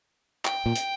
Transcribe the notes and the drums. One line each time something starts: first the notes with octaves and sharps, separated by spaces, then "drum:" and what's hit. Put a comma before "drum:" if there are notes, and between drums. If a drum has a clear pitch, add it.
G5, drum: clap
A#2
drum: hi-hat